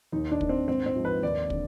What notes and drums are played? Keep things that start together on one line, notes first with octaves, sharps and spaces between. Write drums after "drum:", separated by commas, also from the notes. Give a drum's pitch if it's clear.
D#2 D#4
D4
D#3, drum: kick
C4
G#1 C4
C4
G#2 F3
B4
D#2 D5
D3, drum: kick